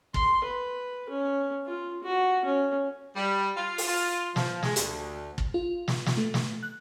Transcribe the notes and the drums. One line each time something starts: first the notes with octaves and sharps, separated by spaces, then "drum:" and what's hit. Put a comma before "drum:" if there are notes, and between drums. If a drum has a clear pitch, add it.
C6, drum: kick
B4
C#4
F4
F#4
C#4
G3
F4
drum: open hi-hat
F4
F3, drum: snare
G#3, drum: snare
D2, drum: hi-hat
drum: kick
F4
drum: snare
drum: snare
A3
drum: snare
F#6